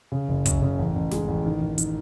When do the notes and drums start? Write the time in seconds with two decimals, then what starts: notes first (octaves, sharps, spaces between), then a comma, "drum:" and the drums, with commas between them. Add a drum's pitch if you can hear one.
0.12 C#3
0.28 F#1
0.46 F#2, drum: kick, hi-hat
0.62 C#3
0.79 A1
0.96 A1
1.11 G#3, drum: snare
1.28 A1
1.45 D#3
1.61 D#3
1.78 D#3, drum: hi-hat